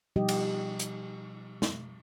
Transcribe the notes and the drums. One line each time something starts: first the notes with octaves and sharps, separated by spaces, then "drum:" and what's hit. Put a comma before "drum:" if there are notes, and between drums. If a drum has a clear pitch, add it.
B2 F3 G3 D#4 G4 D#5
drum: cymbal
drum: hi-hat
drum: snare